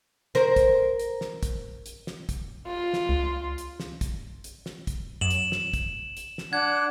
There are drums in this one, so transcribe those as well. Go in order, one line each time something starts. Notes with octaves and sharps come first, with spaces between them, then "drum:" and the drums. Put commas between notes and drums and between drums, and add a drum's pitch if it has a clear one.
A#4 C5, drum: snare
drum: kick, hi-hat
drum: hi-hat
drum: snare
drum: kick, hi-hat
drum: hi-hat
drum: snare
drum: kick, hi-hat
F4
drum: snare
C#2
drum: hi-hat
drum: snare
drum: kick, hi-hat
drum: hi-hat
drum: snare
drum: kick, hi-hat
F#2 E7 F#7
drum: hi-hat
drum: snare
drum: kick, hi-hat
drum: hi-hat
drum: snare
D4 F#5 G#6